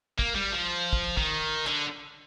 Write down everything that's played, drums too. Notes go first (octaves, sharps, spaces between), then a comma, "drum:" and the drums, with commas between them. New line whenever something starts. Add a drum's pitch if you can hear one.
A#3, drum: kick
G3
F3
drum: kick
D#3, drum: kick
D3, drum: clap